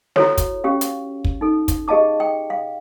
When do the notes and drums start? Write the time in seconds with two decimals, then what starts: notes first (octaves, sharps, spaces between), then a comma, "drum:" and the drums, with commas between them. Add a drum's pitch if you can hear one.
0.16 E4 F#4 A4 C#5, drum: snare
0.38 drum: kick, hi-hat
0.64 C#4 G4 F5
0.81 drum: hi-hat
1.25 drum: kick
1.41 D#4 A4
1.68 drum: kick, hi-hat
1.88 G4 G#4 D#5 F5 A5 D6
2.20 G5
2.50 F5